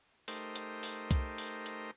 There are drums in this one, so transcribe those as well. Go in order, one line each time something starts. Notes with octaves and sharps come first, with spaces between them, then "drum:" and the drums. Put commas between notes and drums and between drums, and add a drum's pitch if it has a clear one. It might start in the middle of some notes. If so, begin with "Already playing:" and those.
A3 D#4 G4 A#4 C5, drum: open hi-hat
drum: hi-hat
drum: open hi-hat
drum: kick C2, hi-hat
drum: open hi-hat
drum: hi-hat